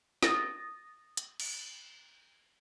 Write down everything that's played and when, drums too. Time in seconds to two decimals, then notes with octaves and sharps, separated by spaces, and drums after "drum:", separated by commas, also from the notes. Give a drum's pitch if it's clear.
0.23 D#6 A6 A#6, drum: snare
1.17 drum: hi-hat
1.40 drum: cymbal